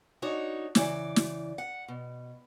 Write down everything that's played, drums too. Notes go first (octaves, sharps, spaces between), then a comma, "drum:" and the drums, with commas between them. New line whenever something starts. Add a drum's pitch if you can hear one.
D4 D#4 F#4 C#5
C#3 E3 D5, drum: snare
drum: snare
F#5
B2